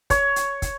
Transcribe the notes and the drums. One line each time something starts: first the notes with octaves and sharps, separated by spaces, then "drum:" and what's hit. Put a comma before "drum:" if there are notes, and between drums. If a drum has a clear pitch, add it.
C#5, drum: kick, hi-hat
drum: hi-hat
drum: kick, hi-hat